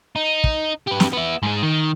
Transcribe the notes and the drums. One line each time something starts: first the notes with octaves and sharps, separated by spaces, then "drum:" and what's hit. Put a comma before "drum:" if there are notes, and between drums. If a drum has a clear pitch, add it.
D#4
drum: kick
G4 B4
drum: snare
B3 E4
G#2 G#4
D#3